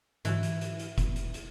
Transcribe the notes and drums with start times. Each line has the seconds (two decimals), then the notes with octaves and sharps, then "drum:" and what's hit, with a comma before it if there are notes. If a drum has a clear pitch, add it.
0.25 G#2 D3 E3 F#3, drum: hi-hat
0.43 drum: hi-hat
0.61 drum: hi-hat
0.79 drum: hi-hat
0.98 drum: kick F1, hi-hat
1.16 drum: hi-hat
1.34 drum: hi-hat